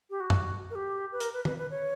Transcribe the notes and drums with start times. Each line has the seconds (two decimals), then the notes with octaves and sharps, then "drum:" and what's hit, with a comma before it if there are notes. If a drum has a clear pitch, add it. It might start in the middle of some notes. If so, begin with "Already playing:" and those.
0.10 G4
0.20 F#4
0.30 drum: tom F#2
0.71 A#4
0.75 G4
1.12 B4
1.20 A#4, drum: hi-hat
1.33 B4
1.45 B4, drum: tom
1.58 B4
1.71 C#5